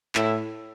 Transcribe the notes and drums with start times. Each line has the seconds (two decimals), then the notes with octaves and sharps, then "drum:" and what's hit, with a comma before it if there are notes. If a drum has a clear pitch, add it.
0.15 A2 E4, drum: clap